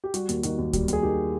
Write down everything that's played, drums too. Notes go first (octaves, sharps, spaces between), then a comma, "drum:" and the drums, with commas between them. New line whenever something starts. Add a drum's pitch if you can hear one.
G4
G3 F#4, drum: hi-hat
D#2, drum: hi-hat
D#3 F#4, drum: hi-hat
D#2
G3, drum: kick C#2, hi-hat
D#2 G#4, drum: hi-hat
D#3 G4